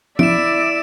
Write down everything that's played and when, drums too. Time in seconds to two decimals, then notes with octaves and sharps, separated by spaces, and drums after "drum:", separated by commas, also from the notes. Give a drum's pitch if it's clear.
0.19 E4 D5 E5 D7 E7, drum: tom